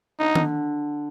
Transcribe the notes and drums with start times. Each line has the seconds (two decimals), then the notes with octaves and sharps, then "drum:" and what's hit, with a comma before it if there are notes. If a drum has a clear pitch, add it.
0.19 D3 D#4
0.35 D3, drum: tom D#3